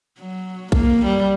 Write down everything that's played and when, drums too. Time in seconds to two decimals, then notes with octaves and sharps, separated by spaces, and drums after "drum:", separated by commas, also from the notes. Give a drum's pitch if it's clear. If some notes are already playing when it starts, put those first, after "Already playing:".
0.20 F#3
0.72 A#3, drum: kick A#1
1.05 G3